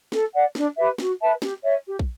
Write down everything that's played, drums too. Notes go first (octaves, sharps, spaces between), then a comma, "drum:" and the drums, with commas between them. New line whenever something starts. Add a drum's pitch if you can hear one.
A4, drum: snare
D5 F#5
D4, drum: snare
G4 B4 E5
F#4, drum: snare
B4 E5 A5
G4, drum: snare
C#5 E5
G4
drum: kick